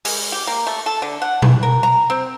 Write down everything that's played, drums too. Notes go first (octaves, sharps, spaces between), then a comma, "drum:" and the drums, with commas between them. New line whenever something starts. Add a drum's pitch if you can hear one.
G#3, drum: open hi-hat
G4
A#3
A3
A4
D3
F#5
E3, drum: tom B2
A#4
A#5
C4